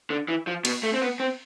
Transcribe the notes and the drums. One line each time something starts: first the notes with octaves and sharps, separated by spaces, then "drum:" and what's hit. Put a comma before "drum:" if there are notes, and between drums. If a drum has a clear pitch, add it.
D3
E3
F3
B2, drum: cymbal
A3
C4
B3
C4